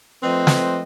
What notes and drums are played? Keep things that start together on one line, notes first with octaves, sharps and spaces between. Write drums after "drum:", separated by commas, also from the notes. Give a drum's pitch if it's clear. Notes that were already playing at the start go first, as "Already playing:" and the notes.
F3 A3 C4 B4 D#5
drum: snare